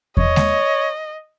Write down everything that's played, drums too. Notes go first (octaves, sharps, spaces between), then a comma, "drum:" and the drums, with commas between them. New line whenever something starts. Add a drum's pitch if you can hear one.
C#5 D#5, drum: kick E2
drum: snare G#3